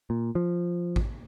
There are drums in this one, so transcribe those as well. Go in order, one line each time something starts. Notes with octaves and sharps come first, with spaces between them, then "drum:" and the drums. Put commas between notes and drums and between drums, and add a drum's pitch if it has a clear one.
A#2
F3
drum: kick A1